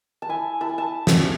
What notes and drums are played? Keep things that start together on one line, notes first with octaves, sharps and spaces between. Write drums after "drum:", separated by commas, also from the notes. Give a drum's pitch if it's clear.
A5
E4 G#5
E4 A5
G#5
A5
drum: snare